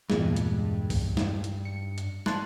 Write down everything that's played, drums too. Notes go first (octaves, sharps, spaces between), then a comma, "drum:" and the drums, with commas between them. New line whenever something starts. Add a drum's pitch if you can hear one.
E2 G2 A#2 G#3, drum: snare
drum: hi-hat
drum: kick, open hi-hat
drum: snare
drum: hi-hat
C#7
drum: hi-hat
A5 C6 F#6, drum: snare